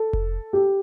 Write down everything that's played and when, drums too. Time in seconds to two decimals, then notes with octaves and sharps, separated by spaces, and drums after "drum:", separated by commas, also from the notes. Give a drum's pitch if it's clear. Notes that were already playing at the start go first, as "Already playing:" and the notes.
Already playing: A4
0.13 drum: kick F1
0.53 G4